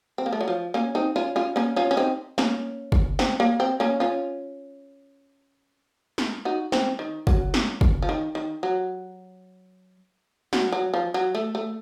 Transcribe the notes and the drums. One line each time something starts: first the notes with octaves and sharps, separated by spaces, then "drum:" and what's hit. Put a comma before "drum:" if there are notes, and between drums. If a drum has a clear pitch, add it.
C4
A#3
A3
F#3
F3
A#3 C#4
C4 D#4
C#4 F4
C#4 F4
A#3 C#4
C#4 F4
C#4
C4 D#4
A#3 C#4, drum: snare
drum: kick
C4, drum: snare
A#3
C4
A#3 C#4
C#4 F4
drum: snare
D#4 F#4
C4, drum: snare
D#3
F#3, drum: kick
drum: snare
drum: kick
F3
D#3
D#3
F#3
F#3, drum: snare
F#3
F3
F#3
A3
A3